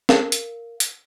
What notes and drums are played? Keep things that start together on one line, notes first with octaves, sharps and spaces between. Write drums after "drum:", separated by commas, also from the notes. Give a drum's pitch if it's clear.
A#4 F5, drum: snare
drum: hi-hat
drum: hi-hat